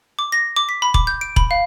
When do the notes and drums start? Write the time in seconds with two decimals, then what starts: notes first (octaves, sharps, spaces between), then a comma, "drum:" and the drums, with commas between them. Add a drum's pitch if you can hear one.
0.19 D6
0.32 A#6
0.56 D6
0.69 B6
0.82 B5
0.94 D6, drum: kick E1
1.07 G6
1.21 D7
1.36 B5, drum: kick E1
1.51 F5